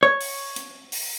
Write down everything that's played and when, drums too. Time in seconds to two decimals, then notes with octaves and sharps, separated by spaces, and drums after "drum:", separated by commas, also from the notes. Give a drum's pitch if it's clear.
0.03 C#5
0.21 drum: open hi-hat
0.56 drum: hi-hat
0.92 drum: open hi-hat